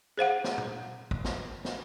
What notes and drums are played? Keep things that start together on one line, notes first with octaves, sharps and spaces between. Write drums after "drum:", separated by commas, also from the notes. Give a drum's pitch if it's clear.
G#4 C5 F5 F#5
drum: snare
drum: tom
drum: kick
drum: snare
drum: snare